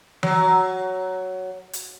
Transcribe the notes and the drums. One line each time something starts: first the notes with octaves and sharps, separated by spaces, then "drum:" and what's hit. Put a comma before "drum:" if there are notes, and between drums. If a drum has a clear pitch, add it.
F#3, drum: tom E3
drum: hi-hat